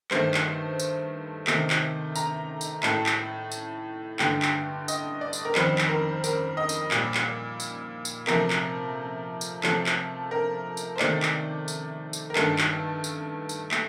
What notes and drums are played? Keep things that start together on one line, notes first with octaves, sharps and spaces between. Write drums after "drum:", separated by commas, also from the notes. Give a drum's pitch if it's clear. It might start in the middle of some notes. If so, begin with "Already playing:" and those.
G2 D#3 A3 C5, drum: clap
drum: clap
drum: tambourine
C3 D#3 A3, drum: clap
drum: clap
A#5, drum: tambourine
drum: tambourine
A2 A3 A5, drum: clap
drum: clap
drum: tambourine
G2 D3 A3 G5, drum: clap
drum: clap
D#5, drum: tambourine
D5
drum: tambourine
A#4
F2 D#3 G3 C5, drum: clap
drum: clap
A#4
A#4, drum: tambourine
D#5
drum: tambourine
A#2 G3, drum: clap
drum: clap
drum: tambourine
drum: tambourine
C3 F3 A3 A#4, drum: clap
drum: clap
drum: tambourine
C3 F3 A3 A4, drum: clap
drum: clap
A#4
drum: tambourine
C5
C3 D#3 A3 D5, drum: clap
drum: clap
drum: tambourine
drum: tambourine
A#4
G2 D#3 A3 A4, drum: clap
drum: clap
drum: tambourine
drum: tambourine
A3, drum: clap